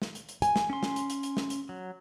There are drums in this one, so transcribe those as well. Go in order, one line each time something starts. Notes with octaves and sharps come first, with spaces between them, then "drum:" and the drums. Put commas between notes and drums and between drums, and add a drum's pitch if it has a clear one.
drum: snare
drum: hi-hat
drum: hi-hat
G#5, drum: hi-hat
drum: snare
C#4 C6
drum: snare
drum: hi-hat
drum: hi-hat
drum: hi-hat
drum: snare
drum: hi-hat
F#3